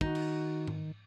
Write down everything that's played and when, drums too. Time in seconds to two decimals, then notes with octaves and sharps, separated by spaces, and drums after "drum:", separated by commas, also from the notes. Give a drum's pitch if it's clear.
0.01 D#3 D#4 F#4, drum: kick
0.15 drum: cymbal
0.68 drum: tom G#2